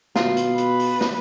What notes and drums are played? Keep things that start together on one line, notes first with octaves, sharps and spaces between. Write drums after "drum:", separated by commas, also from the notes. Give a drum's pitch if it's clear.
B2 F4, drum: snare
drum: hi-hat
B4, drum: hi-hat
drum: open hi-hat
drum: snare